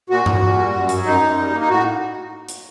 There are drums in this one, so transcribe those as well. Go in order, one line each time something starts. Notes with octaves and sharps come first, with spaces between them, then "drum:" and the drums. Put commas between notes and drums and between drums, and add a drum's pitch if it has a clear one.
A#2 F#4
A#2, drum: tom G2
A#2
G3
F#2
F#3, drum: hi-hat
F#2 D#4
F#2
G3
A#3
D#4
A2 F#4
drum: hi-hat